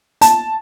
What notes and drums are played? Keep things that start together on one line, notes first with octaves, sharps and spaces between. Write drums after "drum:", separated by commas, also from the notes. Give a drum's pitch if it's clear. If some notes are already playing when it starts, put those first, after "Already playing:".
A5, drum: hi-hat